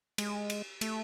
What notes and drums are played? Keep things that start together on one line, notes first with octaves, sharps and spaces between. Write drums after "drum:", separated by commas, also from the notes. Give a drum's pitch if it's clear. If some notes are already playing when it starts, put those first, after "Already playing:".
G#3, drum: cymbal
drum: cymbal
A3, drum: cymbal